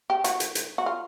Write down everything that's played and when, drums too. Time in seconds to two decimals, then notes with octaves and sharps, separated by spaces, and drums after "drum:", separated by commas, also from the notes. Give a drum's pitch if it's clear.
0.10 G4
0.24 F#4, drum: hi-hat
0.40 drum: hi-hat
0.55 drum: hi-hat
0.78 F#4
0.86 F4